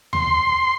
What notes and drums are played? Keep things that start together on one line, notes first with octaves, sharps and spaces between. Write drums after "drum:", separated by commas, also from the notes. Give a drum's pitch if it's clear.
C6, drum: tom D#2